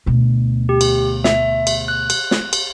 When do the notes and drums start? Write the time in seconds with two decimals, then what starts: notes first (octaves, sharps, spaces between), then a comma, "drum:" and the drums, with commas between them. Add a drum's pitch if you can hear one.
0.06 D2 B2
0.69 G4
0.81 drum: cymbal
1.24 E5, drum: snare
1.67 drum: cymbal
1.88 F#6
2.10 drum: cymbal
2.31 drum: snare
2.53 drum: cymbal